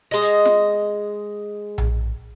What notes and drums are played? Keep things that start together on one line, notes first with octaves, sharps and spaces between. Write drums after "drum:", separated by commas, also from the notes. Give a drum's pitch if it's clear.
G#3 D#5
drum: hi-hat
drum: snare F4
drum: tom A#1